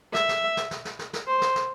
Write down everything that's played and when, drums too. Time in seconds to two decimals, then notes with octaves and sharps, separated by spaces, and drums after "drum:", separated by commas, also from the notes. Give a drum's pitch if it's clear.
0.14 E5, drum: snare
0.29 drum: snare
0.57 drum: snare
0.71 drum: snare
0.85 drum: snare
0.99 drum: snare
1.13 drum: snare
1.28 C5
1.41 drum: snare
1.56 drum: snare